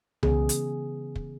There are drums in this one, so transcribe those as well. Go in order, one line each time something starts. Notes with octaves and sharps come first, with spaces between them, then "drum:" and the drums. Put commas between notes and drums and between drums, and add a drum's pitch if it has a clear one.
C#3 E3 B3 G#4, drum: tom C2
drum: hi-hat
drum: kick